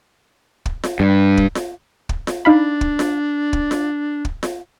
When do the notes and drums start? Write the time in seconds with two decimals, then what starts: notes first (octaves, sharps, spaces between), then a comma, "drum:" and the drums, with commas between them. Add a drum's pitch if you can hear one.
0.66 drum: kick
0.84 drum: snare F4
1.00 G2
1.37 drum: kick
1.55 drum: snare F4
2.09 drum: kick
2.27 drum: snare F4
2.45 D4 D#4 F5 B5
2.81 drum: kick
2.99 drum: snare F4
3.53 drum: kick
3.71 drum: snare F4
4.25 drum: kick
4.43 drum: snare F4